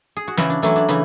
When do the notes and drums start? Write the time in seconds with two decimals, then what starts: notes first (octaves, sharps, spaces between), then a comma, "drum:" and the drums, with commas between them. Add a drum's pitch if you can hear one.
0.17 G#4
0.28 F#4
0.37 C#3 E3 E4, drum: snare
0.50 D4
0.62 E3 F#3 A3 E4
0.76 D4
0.88 C#3 E3 E4, drum: hi-hat